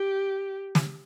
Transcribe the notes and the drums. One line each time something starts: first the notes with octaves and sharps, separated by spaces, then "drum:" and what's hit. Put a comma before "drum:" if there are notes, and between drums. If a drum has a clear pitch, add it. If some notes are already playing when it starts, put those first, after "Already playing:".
Already playing: G4
drum: snare